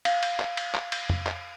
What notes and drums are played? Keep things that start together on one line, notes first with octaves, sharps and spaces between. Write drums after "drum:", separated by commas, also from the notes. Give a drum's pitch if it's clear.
F5, drum: cymbal
drum: cymbal
drum: clap
drum: cymbal
drum: clap
drum: cymbal
drum: tom
drum: clap